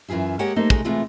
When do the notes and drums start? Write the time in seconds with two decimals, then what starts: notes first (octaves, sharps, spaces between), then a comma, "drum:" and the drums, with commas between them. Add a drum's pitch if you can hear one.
0.08 F#2 E3 F4 G#4 E5
0.39 G#3 A#3 G4 C#5 F#5
0.56 A3 A#3 D#4 A#4 C5
0.70 G#3 A3 D#4, drum: kick
0.85 C3 E3 G#3 A3 B3 F4